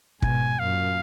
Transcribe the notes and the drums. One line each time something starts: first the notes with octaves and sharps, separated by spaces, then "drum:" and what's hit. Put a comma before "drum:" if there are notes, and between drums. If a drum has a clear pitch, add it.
G#2 B2 G#5, drum: kick
F#2 A#2 F5